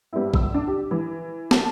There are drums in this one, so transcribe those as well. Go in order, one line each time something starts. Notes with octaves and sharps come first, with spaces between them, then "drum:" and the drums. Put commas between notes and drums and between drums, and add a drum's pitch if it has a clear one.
G2 G3 B3 C4 E4
G1 E6, drum: kick A1
D4 D6
G4
E3
A5, drum: snare